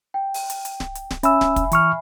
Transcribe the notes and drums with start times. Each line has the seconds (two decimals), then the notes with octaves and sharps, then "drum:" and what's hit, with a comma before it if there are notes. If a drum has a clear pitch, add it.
0.14 G5
0.34 drum: open hi-hat
0.50 drum: hi-hat
0.65 drum: hi-hat
0.80 drum: snare D1
0.95 drum: hi-hat
1.11 drum: snare D1
1.23 C#4 E5 G#5 B5 E6, drum: hi-hat
1.41 drum: snare D1
1.56 drum: kick, hi-hat
1.72 E3 C#6 F6, drum: hi-hat